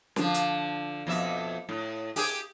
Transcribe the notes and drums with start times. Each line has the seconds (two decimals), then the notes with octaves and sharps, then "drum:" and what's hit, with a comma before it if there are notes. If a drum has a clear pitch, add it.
0.16 D3 F3, drum: snare
0.34 drum: hi-hat
1.07 F2 B2 E5
1.69 A2
2.16 G4 G#4, drum: open hi-hat